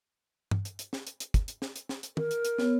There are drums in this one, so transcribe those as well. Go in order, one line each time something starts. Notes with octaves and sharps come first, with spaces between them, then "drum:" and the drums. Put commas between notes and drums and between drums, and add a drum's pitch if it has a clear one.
drum: tom
drum: hi-hat
drum: hi-hat
drum: snare
drum: hi-hat
drum: hi-hat
drum: kick, hi-hat
drum: hi-hat
drum: snare
drum: hi-hat
drum: snare
drum: hi-hat
A#4, drum: tom
drum: hi-hat
drum: hi-hat
B3 C#5, drum: snare